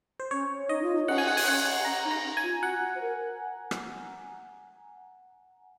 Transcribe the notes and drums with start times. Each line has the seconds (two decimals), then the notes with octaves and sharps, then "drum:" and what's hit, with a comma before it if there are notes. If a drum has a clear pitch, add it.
0.20 C5
0.31 C#4 C#5
0.69 D#4 D#5
0.83 F4
0.95 D#4
1.08 C#4 F#5, drum: cymbal
1.18 G#5
1.28 F#5
1.37 G#5, drum: open hi-hat
1.47 C#4 F#5
1.85 C#4 A#5
2.05 D#4
2.11 A#5
2.24 C#4
2.37 G#5
2.43 F4
2.63 F#4 F#5
2.95 C5
3.01 A#4
3.71 drum: rim click